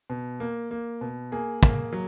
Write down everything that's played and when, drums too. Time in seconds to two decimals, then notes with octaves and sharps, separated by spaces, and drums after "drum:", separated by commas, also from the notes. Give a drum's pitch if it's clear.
0.10 B2
0.40 A#3
0.71 A#3
1.01 B2
1.32 A#3 G#4
1.63 A#3, drum: kick
1.93 F#3